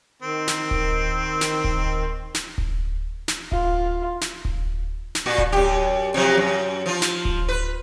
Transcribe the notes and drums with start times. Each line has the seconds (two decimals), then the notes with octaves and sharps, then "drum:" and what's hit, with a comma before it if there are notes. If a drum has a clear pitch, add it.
0.22 D#3 C4
0.48 drum: snare
0.71 drum: kick D1
1.41 drum: snare
1.64 drum: kick D1
2.34 drum: snare
2.58 drum: kick D1
3.28 drum: snare
3.52 F4, drum: kick D1
4.21 drum: snare
4.45 drum: kick D1
5.15 drum: snare
5.26 A#2 F#4
5.38 drum: kick D1
5.52 F#2 G4
6.14 C3 F3 F#3
6.37 F#2
6.86 F3 F4
7.02 drum: snare
7.25 drum: kick D1
7.48 B4